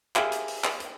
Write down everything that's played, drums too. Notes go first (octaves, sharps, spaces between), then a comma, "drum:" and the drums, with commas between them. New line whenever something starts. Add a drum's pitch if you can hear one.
G4 G#4 A#4 E5 F5, drum: clap
drum: hi-hat
drum: open hi-hat
drum: clap
drum: hi-hat